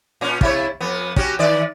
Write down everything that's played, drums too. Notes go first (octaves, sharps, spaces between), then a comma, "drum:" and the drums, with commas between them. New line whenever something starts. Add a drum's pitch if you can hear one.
A#2 C#4
C3 E4 C#5, drum: kick
F2 B3
C#4 F#4 G4, drum: kick
D#3 D5